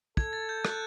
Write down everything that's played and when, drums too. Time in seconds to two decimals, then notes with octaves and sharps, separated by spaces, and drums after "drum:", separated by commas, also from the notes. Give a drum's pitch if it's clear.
0.17 A4 G#6, drum: kick
0.33 A6
0.49 G6
0.65 F#6, drum: rim click